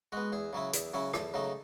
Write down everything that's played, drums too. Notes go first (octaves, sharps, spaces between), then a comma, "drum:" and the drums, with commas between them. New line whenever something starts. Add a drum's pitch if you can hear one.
G#3 B3 F#4
E2 G#4
C#3 F#3 C#4 E4
E2, drum: hi-hat
C#3 F#3 C#4 E4
E2 A4, drum: rim click
C#3 F#3 A3 D#4